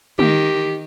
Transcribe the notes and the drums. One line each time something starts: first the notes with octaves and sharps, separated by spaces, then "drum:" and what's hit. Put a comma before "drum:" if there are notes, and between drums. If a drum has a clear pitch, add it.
D#3 G4, drum: tom